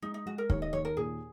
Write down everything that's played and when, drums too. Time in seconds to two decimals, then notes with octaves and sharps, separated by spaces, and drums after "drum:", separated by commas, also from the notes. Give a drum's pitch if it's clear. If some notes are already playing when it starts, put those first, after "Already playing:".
0.02 G#3 D#4
0.14 D#4
0.26 G#3 F#4
0.38 A#4
0.50 D#2 C#5, drum: kick
0.62 D#5
0.73 D#2 C#5
0.85 A#4
0.96 A#2 G#4